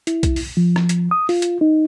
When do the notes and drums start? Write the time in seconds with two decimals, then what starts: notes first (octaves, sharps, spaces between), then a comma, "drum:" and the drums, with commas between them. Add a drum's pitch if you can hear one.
0.07 E4, drum: hi-hat
0.23 drum: kick B1, hi-hat
0.36 drum: open hi-hat
0.57 F3
0.76 drum: rim click
0.89 drum: hi-hat
1.11 D#6
1.29 F4, drum: open hi-hat
1.42 drum: hi-hat
1.61 D#4